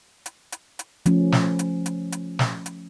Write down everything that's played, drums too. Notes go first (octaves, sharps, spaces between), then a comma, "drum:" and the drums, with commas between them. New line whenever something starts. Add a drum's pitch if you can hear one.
drum: hi-hat
drum: hi-hat
drum: hi-hat
F3 A3 C#4, drum: hi-hat
drum: snare
drum: hi-hat
drum: hi-hat
drum: hi-hat
drum: snare
drum: hi-hat